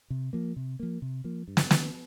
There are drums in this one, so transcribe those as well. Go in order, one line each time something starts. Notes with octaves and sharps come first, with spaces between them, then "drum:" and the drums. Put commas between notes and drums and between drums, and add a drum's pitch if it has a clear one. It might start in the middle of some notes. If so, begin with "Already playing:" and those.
C3
F3 A#3
C3
F3 A#3
C3
F3 A#3
G2
drum: snare
D#3 A#3 C#4, drum: snare